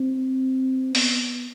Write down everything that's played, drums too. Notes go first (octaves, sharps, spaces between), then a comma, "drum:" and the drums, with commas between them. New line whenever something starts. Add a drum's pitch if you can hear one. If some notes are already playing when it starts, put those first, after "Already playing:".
Already playing: C4
B3, drum: open hi-hat